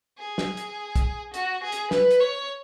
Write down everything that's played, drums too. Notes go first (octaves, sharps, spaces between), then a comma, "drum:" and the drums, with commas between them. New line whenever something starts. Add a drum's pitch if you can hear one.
G#4
drum: snare
drum: hi-hat
drum: kick, hi-hat
F#4, drum: hi-hat
G#4
drum: hi-hat
B4, drum: snare
drum: hi-hat
C#5